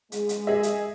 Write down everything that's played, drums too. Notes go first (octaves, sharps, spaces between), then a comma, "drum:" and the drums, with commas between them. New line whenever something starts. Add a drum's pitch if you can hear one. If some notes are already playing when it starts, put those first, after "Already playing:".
G#3, drum: hi-hat
drum: hi-hat
G#4 D#5 E5
drum: hi-hat